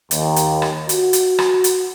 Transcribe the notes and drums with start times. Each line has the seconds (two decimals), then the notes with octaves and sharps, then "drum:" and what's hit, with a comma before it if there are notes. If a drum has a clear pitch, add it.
0.11 D#2, drum: hi-hat
0.36 drum: hi-hat
0.62 drum: rim click
0.89 F#4, drum: hi-hat
1.13 drum: hi-hat
1.38 drum: rim click
1.64 drum: hi-hat